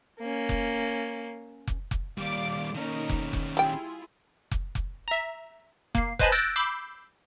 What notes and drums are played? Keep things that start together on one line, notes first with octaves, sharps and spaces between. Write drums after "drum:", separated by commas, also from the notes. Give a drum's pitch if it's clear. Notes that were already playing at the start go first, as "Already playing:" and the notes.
A#3 C#4
drum: kick F1
drum: kick F1
drum: kick F1
D#2 G3 D5 F5 D6
D#3 A#3 C#4 D#4 A#4
drum: kick F1
drum: kick F1
G3 E4 F4 G#4 G5
drum: kick F1
drum: kick F1
E5 A#5
A#3 C7, drum: kick F1
B4 C5 D#5 G#5 A5 B5, drum: kick F1
E6 F#6 G6 A6 A#6 D7
B5 D6 E6 G6 C7